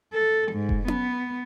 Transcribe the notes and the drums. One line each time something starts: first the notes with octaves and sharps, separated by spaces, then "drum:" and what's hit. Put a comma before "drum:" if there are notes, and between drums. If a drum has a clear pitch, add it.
A4
G#2
drum: kick F1
B3, drum: tom C#4